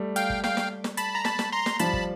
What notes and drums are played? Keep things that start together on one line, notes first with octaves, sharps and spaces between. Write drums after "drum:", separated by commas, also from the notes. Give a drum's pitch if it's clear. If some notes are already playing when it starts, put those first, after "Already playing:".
Already playing: G3 A3
F5 G5, drum: hi-hat
drum: kick
F5 G5, drum: snare
drum: snare
drum: snare
A5 B5, drum: hi-hat
A#5
A5 B5, drum: snare
drum: snare
A#5 C6
drum: snare
F3 G3 A5 B5, drum: hi-hat
drum: kick